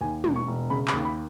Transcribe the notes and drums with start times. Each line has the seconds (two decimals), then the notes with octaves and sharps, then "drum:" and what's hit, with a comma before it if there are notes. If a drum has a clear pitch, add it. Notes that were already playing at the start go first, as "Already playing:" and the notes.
0.01 D#2 G#5
0.24 E1, drum: tom
0.36 C#6
0.47 E1
0.70 C#3 B5
0.88 B5, drum: clap
0.93 D#2
1.05 B5